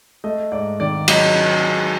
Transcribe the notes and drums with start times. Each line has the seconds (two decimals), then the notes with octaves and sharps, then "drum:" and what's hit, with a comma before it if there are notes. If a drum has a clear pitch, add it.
0.24 A3 D#5
0.52 G#2 D5
0.80 D#3 D5
1.08 F#3 D#5, drum: cymbal